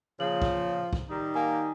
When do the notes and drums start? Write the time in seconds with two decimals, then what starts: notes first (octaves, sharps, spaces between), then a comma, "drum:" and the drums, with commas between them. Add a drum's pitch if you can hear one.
0.20 A#2 C#3 F3 F#7
0.42 drum: kick
0.93 drum: kick
1.10 D#3 G3 D#4
1.35 A#3 G#5